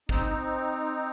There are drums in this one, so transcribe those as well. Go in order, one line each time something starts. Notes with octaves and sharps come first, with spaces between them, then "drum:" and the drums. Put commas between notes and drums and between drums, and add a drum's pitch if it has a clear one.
C4 D#4, drum: kick